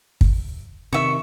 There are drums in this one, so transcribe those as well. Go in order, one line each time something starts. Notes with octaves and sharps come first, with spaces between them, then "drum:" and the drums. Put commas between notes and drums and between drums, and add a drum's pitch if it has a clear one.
drum: kick
C3 D#3 E5 C#6